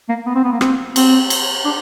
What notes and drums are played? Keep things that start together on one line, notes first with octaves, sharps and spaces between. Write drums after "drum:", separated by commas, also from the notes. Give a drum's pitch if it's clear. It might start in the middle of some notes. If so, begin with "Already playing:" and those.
A#3
B3
C4
B3
A#3
C4, drum: rim click
C4, drum: cymbal
drum: cymbal
D4